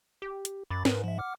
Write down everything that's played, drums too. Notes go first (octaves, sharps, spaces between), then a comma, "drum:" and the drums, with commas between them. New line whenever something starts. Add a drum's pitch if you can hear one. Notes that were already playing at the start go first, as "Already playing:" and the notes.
G4
drum: hi-hat
F#2 B5 D6 A6
G#2 A#4 B4, drum: snare
F3 E5
F#5 D6 F6